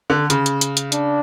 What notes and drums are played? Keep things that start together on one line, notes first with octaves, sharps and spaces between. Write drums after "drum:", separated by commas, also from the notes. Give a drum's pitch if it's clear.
D3
C#3, drum: hi-hat
drum: hi-hat
drum: hi-hat
drum: hi-hat
D4, drum: hi-hat